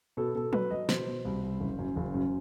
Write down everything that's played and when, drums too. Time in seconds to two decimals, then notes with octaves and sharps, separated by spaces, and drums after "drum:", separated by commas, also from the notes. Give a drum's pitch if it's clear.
0.17 B2 A4
0.35 B2 A4
0.53 F#3 B4, drum: tom F#3
0.71 F#3 D#5
0.89 B2 C5, drum: snare
1.07 B2
1.25 C2
1.43 C2
1.60 F#1
1.79 F#2
1.96 F#1
2.14 F#2